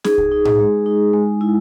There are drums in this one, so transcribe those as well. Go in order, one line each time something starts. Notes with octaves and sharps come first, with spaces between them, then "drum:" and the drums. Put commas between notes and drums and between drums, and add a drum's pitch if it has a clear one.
D#4 G#4, drum: snare
drum: kick C2
D#4
drum: tom A2
G#3
D#4
G#3
E4